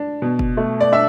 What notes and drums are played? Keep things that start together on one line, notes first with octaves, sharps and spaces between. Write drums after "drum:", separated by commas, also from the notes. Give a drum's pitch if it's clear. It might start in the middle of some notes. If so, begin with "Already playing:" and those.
Already playing: D4
B2
drum: kick
A3
D5
D4 E5